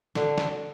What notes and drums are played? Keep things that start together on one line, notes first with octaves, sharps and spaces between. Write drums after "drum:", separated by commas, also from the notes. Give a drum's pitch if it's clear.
D3 D4, drum: snare
drum: snare